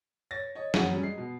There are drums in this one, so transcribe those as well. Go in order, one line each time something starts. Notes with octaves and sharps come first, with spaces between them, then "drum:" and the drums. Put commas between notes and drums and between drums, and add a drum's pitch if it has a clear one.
C#5 A6 A#6
C#5 D#5
F#1 E3 C#4 G#4 F#5 D#7, drum: snare
F#3 G3 C#4
G#3 C7
B2